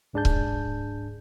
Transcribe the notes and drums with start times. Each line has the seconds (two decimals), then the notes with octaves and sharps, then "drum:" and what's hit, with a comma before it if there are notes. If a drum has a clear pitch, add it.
0.13 C#2 G#2 D4 G#4 A5 G6
0.25 drum: kick C#1